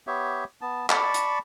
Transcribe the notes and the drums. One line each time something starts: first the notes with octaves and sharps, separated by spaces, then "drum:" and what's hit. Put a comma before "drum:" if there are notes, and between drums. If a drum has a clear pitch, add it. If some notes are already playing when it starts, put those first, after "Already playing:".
B3 G4 C#5 E5
B3 A5
D5 A5 B5 C#6, drum: clap
drum: hi-hat